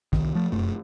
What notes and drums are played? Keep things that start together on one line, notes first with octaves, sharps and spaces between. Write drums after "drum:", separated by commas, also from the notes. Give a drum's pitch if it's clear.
C2 D#3, drum: kick
F3 A3
F1 F#2 A3